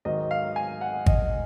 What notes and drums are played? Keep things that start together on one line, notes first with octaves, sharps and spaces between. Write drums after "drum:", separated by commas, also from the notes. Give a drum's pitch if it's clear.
G#2 D#3 F#3 D#5
F5
G#5
F#5
D#5, drum: kick G#1